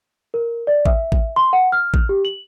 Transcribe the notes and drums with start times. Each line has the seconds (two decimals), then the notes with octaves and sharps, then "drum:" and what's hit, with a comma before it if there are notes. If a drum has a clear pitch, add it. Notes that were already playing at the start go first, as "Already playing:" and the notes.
0.34 A#4
0.67 D5
0.86 E5, drum: kick A1
1.12 drum: kick A1
1.36 C6
1.53 F#5
1.72 F6
1.94 drum: kick A1
2.09 G4
2.25 F#7